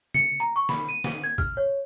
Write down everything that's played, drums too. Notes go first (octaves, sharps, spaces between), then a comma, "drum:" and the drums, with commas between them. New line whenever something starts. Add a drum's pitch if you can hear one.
C#7, drum: tom C#3
A#5
C#6
B5, drum: snare
D#7
drum: snare
G#6
F6, drum: kick
C#5